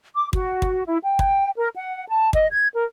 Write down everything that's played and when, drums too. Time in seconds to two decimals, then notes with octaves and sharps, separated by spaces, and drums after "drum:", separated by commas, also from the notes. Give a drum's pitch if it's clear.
0.15 D6
0.33 F#4, drum: kick
0.62 drum: kick
0.85 E4
1.03 G5
1.19 drum: kick
1.57 A#4
1.76 F#5
2.08 A5
2.33 D#5, drum: kick
2.51 G#6
2.74 A#4